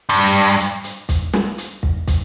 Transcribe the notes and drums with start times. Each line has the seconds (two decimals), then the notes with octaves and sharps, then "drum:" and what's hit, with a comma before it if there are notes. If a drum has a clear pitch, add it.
0.09 G2, drum: hi-hat
0.35 drum: hi-hat
0.59 drum: hi-hat
0.84 drum: hi-hat
1.09 drum: kick, hi-hat
1.33 drum: snare
1.58 drum: hi-hat
1.83 drum: kick
2.07 drum: kick, hi-hat